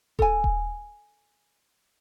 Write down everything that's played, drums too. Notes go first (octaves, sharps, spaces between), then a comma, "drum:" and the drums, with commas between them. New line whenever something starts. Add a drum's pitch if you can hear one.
A4 G#5, drum: kick D#1
drum: kick D#1